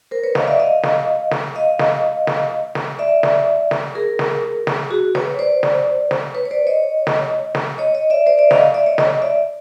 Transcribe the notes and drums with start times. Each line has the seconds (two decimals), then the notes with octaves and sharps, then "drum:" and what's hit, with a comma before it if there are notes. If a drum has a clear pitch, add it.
0.11 A#4 C5
0.24 B4 C#5
0.35 D#5 F5, drum: snare
0.47 D5 E5
0.60 D#5 F5
0.83 drum: snare
1.31 drum: snare
1.55 D#5 F5
1.79 drum: snare
2.27 drum: snare
2.75 drum: snare
2.99 D5 E5
3.23 drum: snare
3.71 drum: snare
3.95 G#4 A#4
4.19 drum: snare
4.67 drum: snare
4.90 F#4 G#4
5.15 B4 C#5, drum: snare
5.39 C5 D5
5.63 drum: snare
6.11 drum: snare
6.35 B4 C#5
6.45 C#5
6.51 C5 D5
6.67 C#5 D#5
7.07 drum: snare
7.55 drum: snare
7.78 C#5 D#5
7.95 C#5 D#5
8.10 D5 E5
8.26 C5 D5
8.38 D5 E5
8.51 D#5 F5, drum: snare
8.74 D5 E5
8.86 C#5 D#5
8.98 C#5 D#5, drum: snare
9.22 D5 E5